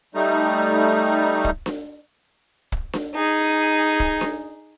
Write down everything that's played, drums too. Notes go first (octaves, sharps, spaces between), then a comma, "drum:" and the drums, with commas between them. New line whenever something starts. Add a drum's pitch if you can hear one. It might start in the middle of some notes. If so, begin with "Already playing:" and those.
G3 A3 D#4
drum: kick
drum: snare D4
drum: kick
drum: snare D4
D#4 G#4
drum: kick
drum: snare D4